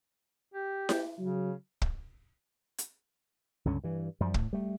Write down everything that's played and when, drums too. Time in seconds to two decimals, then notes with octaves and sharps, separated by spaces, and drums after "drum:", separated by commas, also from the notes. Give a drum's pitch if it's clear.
0.54 G4
0.89 drum: snare E4
1.19 C#3 F#3
1.82 drum: kick
2.78 drum: hi-hat
3.65 C#2 G2 D3 C#4
3.84 G2 E3
4.20 F#2 F3 G3
4.34 A2, drum: kick
4.53 G3 A3